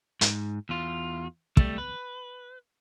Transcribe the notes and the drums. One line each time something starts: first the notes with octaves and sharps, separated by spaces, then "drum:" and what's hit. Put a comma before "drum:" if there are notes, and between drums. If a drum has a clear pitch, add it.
G#2, drum: hi-hat
E2 F4
G3 A3, drum: kick
B4